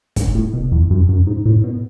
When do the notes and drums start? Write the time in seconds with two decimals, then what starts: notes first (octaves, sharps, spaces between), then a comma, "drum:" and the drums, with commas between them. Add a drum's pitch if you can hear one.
0.16 G#2, drum: kick, hi-hat
0.35 A2
0.53 B2
0.72 E2
0.90 F#2
1.09 F#2
1.27 G#2
1.45 A2
1.64 B2